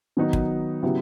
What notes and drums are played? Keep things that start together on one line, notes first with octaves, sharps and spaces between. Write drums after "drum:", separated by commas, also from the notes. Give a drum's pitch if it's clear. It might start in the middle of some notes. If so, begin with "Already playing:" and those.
D#3 F#3 B3 D#4 F#4
drum: kick
C#3 F#3 B3 E4 G4